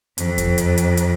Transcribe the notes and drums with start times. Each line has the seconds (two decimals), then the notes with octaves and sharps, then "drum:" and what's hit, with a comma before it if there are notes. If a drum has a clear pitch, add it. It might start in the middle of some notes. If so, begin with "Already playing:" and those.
0.18 F2, drum: hi-hat
0.38 drum: kick E2, hi-hat
0.58 drum: hi-hat
0.78 drum: hi-hat
0.97 drum: hi-hat